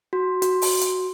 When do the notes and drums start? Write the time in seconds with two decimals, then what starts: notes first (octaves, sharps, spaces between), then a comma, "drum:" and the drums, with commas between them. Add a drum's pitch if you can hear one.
0.13 F#4
0.42 F#4, drum: hi-hat
0.62 drum: open hi-hat
0.81 drum: hi-hat